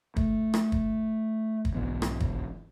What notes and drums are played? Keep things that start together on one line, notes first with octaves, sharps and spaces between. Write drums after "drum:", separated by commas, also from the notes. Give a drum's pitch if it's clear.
A3, drum: kick
drum: rim click
drum: kick
drum: kick
B1 G#2 E3 B3
drum: rim click
drum: kick